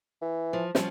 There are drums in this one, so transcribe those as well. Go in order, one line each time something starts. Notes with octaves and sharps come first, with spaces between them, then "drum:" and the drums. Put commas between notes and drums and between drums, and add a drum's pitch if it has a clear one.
E3
F3
F3 G3 C#4, drum: snare